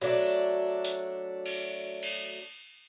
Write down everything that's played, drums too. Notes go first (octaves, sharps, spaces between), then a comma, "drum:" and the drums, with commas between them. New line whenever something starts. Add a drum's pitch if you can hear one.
F#3 A3 D4
drum: hi-hat
drum: cymbal
drum: cymbal